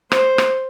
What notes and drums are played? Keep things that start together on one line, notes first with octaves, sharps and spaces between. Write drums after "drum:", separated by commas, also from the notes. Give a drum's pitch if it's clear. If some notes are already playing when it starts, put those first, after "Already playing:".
C5, drum: rim click
drum: rim click